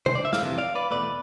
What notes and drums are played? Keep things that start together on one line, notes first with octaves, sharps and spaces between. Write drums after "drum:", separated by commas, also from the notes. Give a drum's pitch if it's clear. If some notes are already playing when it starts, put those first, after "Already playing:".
C5, drum: tom B2
D5
E5
F5, drum: snare
F2 C3 E3
D5 F5
B4 D5
E2 B2 A3 B4 D5